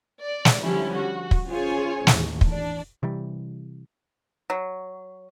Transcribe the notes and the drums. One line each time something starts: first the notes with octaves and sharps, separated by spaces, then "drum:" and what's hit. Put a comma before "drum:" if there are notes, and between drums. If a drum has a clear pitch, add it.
D5
drum: snare
D3 F3 G3 C#4 E4
F#4
drum: kick
C#4 F4 G#4 C5 C#5 G#5
A1 D#2, drum: snare
drum: kick
D4 D5
C3 E3 G3
F#3